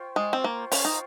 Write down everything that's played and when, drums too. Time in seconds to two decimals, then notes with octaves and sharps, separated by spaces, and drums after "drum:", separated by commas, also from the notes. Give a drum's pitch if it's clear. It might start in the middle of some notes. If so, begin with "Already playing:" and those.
Already playing: F4 C5 G5 C#6
0.16 G#3
0.33 C4
0.44 A#3
0.72 C#4, drum: open hi-hat
0.85 D#4